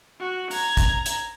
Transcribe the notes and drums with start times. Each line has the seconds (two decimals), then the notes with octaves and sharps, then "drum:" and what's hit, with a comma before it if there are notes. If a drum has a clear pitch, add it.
0.20 F#4
0.51 A#5 G#6, drum: open hi-hat
0.77 drum: kick, hi-hat
1.06 drum: hi-hat